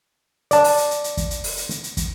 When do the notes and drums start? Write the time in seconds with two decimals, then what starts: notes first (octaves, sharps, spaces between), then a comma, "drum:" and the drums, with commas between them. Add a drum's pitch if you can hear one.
0.51 D5 A5, drum: hi-hat
0.64 drum: open hi-hat
0.78 drum: hi-hat
0.91 drum: hi-hat
1.04 drum: hi-hat
1.17 drum: kick, hi-hat
1.31 drum: hi-hat
1.44 drum: open hi-hat
1.57 drum: hi-hat
1.70 drum: hi-hat
1.84 drum: hi-hat
1.97 drum: kick, hi-hat